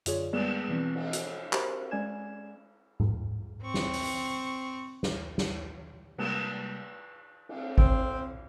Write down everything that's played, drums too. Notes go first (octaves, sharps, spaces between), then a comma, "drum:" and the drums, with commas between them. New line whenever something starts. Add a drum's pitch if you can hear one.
F#2 D3 F4 G#4 C#5 D5, drum: hi-hat
G3 G#3 A#3 B3 G#4 D5, drum: cymbal
B2 E3 F3 C4
drum: cymbal
F#4, drum: hi-hat
F#4 G4 A#4 C5 E5, drum: clap
G#3 C#4 D5 G#5 G#6 E7
drum: tom G#2
C4 C#6
drum: snare
drum: open hi-hat
drum: snare
drum: snare
C3 G3 G#3 A#3, drum: cymbal
drum: cymbal
C4, drum: kick G#1